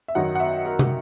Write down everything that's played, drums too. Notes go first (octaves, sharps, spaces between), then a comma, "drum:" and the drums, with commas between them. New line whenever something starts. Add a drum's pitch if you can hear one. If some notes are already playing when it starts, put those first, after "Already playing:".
E5
F#2 D#3 F#3 F#5
F#5
E5
A#4
drum: tom